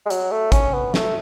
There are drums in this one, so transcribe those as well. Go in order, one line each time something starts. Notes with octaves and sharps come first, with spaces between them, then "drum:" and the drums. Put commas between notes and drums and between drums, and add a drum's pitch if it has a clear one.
G#3
F#3, drum: hi-hat
A3
C#4, drum: kick, hi-hat
B3
A3, drum: snare